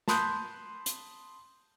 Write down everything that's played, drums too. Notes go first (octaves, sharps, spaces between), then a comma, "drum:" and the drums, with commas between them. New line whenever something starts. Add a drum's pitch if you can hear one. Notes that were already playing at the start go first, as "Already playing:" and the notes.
A5 B5 C6 D#6 F#6 G6, drum: snare
drum: hi-hat